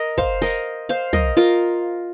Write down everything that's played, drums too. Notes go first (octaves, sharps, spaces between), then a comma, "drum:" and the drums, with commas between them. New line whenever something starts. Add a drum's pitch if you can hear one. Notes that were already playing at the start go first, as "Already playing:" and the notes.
Already playing: A#4 D#5
C5 F5, drum: kick
A#4 D#5, drum: open hi-hat
C5 F5
A#4 D#5, drum: tom
F4 A#4